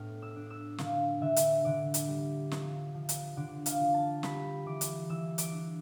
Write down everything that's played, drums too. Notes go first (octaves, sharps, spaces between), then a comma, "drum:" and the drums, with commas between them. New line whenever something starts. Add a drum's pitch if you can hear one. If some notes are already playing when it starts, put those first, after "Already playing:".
Already playing: A2 B3 D4 F6
E6
D4
E6
D3 F5, drum: snare
D3 E5
drum: hi-hat
D3 D5
drum: hi-hat
G3
F3, drum: snare
F3
drum: hi-hat
D3 D5
F5, drum: hi-hat
F3
A5
G3 B5, drum: snare
E3 D6
drum: hi-hat
E3 E6
D6, drum: hi-hat
D4